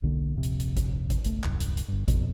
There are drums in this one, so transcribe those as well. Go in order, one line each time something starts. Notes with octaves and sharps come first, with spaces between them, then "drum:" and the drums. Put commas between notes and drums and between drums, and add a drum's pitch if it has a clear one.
D#1 B1 D3 A#3
D1 A#1 F2 C3
drum: hi-hat
drum: hi-hat
drum: kick G#1, hi-hat
drum: kick G#1, hi-hat
F#1 B1 A3, drum: hi-hat
D#1 C2 F#2, drum: clap
drum: hi-hat
drum: hi-hat
G1 G2
D1 A#1 F2 B2, drum: kick G#1, hi-hat